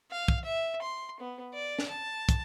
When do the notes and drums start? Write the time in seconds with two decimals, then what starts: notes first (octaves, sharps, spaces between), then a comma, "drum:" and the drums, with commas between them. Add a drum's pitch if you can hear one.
0.11 F5
0.28 drum: kick
0.44 E5
0.82 C6
1.20 B3
1.54 D5
1.79 drum: snare
1.88 A5
2.29 drum: kick, hi-hat